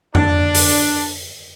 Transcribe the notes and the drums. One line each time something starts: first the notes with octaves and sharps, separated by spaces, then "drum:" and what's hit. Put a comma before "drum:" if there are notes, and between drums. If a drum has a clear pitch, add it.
D4, drum: tom F2
drum: open hi-hat